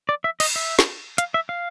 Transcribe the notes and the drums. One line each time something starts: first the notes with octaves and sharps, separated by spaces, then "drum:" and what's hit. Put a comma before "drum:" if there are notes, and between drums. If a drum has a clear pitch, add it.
D5
E5
D#5, drum: cymbal
E5
drum: snare
F5, drum: hi-hat
E5
F5